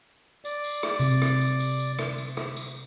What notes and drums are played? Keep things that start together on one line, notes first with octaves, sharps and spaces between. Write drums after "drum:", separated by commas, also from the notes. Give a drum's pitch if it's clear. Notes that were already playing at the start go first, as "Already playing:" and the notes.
D5, drum: tambourine
drum: tambourine
drum: rim click
C3, drum: tambourine
drum: rim click
drum: tambourine
drum: tambourine
drum: tambourine
drum: rim click
drum: tambourine
drum: rim click
drum: tambourine